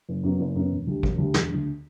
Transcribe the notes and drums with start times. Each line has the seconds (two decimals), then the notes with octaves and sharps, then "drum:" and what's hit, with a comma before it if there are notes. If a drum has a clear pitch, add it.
0.09 F#1
0.23 F#2 F#3 B3
0.40 F#1
0.56 F#2 F#3 B3
0.72 E1
0.87 D2 D3 G3
1.03 E1, drum: kick
1.18 D2 D3 G3
1.34 E1, drum: snare
1.50 D2 D3